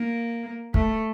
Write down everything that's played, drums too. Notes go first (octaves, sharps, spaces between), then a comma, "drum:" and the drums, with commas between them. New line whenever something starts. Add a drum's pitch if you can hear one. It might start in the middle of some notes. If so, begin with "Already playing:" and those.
Already playing: A#3
A3, drum: kick